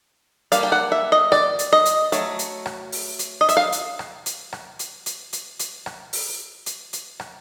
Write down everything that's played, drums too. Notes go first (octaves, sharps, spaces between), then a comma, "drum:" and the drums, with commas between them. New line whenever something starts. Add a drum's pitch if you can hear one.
G3 A#3 D4 F5, drum: hi-hat
G5
F#5
E5
D#5
D5, drum: rim click
drum: hi-hat
D#5
drum: hi-hat
F#3 A3, drum: hi-hat
drum: hi-hat
drum: rim click
drum: open hi-hat
drum: hi-hat
D#5
E5, drum: hi-hat
F5
drum: hi-hat
drum: rim click
drum: hi-hat
drum: rim click
drum: hi-hat
drum: hi-hat
drum: hi-hat
drum: hi-hat
drum: rim click
drum: open hi-hat
drum: hi-hat
drum: hi-hat
drum: rim click